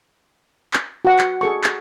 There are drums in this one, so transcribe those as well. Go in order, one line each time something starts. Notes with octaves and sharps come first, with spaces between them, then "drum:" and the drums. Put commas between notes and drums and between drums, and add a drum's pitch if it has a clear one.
drum: clap
F#4 F#5
drum: clap
G#4 A4 C#6
drum: clap